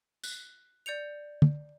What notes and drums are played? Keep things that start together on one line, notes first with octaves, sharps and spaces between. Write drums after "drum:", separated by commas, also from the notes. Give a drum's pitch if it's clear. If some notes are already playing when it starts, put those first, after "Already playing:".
F#6, drum: tambourine
D5 G6 C#7 F7
drum: tom